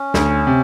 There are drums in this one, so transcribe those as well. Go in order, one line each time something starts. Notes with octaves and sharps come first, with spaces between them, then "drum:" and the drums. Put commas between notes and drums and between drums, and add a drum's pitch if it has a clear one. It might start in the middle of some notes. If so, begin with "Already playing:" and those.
Already playing: C#4
D2, drum: snare
C3